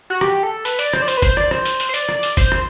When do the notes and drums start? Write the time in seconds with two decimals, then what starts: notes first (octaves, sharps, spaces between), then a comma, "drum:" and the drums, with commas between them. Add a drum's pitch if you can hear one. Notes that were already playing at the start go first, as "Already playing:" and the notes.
0.10 F#4
0.21 G4, drum: rim click
0.43 A4
0.65 B4, drum: hi-hat
0.79 D5, drum: hi-hat
0.93 C5, drum: rim click
1.02 D5
1.08 C5, drum: hi-hat
1.17 B4
1.22 C5, drum: kick G#1, hi-hat
1.37 D5, drum: rim click
1.51 C5, drum: rim click
1.65 drum: hi-hat
1.80 drum: hi-hat
1.89 C5
1.94 D5, drum: hi-hat
2.09 drum: rim click
2.23 drum: hi-hat
2.37 C5, drum: kick G#1, hi-hat
2.52 drum: rim click